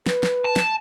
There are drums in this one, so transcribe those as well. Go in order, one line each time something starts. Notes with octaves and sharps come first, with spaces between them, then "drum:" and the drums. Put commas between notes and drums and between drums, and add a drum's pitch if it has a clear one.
B4, drum: snare
drum: snare
A5
drum: snare